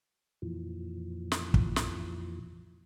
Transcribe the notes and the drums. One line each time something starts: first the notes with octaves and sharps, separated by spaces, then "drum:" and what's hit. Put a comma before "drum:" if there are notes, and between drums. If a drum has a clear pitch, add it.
F2 A#2 E3 F3
drum: snare
drum: kick
drum: snare